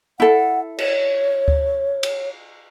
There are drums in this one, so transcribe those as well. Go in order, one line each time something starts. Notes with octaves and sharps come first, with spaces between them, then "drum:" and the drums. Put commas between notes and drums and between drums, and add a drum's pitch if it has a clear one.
E4 A4 F#5
C#5, drum: cymbal
drum: kick D2
drum: cymbal